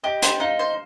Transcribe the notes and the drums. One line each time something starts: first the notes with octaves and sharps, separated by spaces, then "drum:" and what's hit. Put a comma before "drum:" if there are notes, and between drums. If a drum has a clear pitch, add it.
G4 D#5
C5, drum: hi-hat
D#4 F5
C5